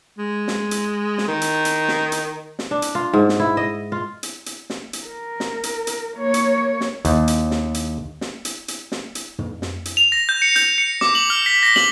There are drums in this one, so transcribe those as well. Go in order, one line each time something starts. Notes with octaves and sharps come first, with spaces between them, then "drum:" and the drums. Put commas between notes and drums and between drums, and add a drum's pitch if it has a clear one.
G#3
drum: snare
drum: hi-hat
drum: snare
D#3
drum: hi-hat
drum: hi-hat
drum: snare
drum: hi-hat
drum: snare
D4
drum: hi-hat
F4
G#2
drum: snare
E4
D#5
F4
drum: hi-hat
drum: hi-hat
drum: snare
drum: hi-hat
A#4
drum: snare
drum: hi-hat
drum: hi-hat
A#3 C#5
drum: hi-hat
drum: snare
D#2, drum: hi-hat
drum: hi-hat
drum: snare
drum: hi-hat
drum: snare
drum: hi-hat
drum: hi-hat
drum: snare
drum: hi-hat
drum: tom
drum: snare
drum: hi-hat
F7
A#6
G6
C#7
G6, drum: hi-hat
C#7
D6, drum: snare
F#7
F6
B6
A#6
F#7, drum: snare